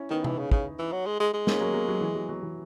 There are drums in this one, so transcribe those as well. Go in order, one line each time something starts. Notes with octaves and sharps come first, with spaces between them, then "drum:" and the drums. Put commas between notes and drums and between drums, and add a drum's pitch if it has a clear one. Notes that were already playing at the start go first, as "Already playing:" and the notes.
Already playing: C#4 E4
D#3 B3 D#4
E3, drum: tom C3
C#3
C#3, drum: kick
E3
F#3
G#3
G#3
G#3
A#3 C#4, drum: snare
F#3 A#3
F#3 A#3
F#3
E3
F#3
F#3
E3